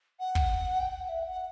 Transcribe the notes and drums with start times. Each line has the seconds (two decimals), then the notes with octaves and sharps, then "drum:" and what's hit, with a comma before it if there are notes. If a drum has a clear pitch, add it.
0.20 F#5
0.35 drum: kick
0.80 G5
0.91 F#5
1.09 E5
1.26 F#5